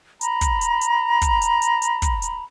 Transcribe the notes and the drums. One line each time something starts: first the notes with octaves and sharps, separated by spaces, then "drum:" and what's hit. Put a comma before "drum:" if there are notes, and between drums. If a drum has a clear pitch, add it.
A#5 B5, drum: hi-hat
drum: kick, hi-hat
drum: hi-hat
drum: hi-hat
drum: kick, hi-hat
drum: hi-hat
drum: hi-hat
drum: hi-hat
drum: kick, hi-hat
drum: hi-hat